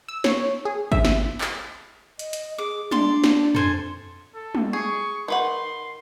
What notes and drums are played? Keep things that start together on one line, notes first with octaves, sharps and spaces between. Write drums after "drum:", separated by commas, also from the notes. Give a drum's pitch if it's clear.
E6
C#5, drum: snare
G#4
E5, drum: kick G#1
drum: snare
drum: clap
D#5, drum: hi-hat
drum: hi-hat
G#4 D6
D4 D5 C6, drum: tom
drum: snare
A4 C5 G#5, drum: tom F2
A4
drum: tom
G#4 C#6
D#3 B4 F#5 C6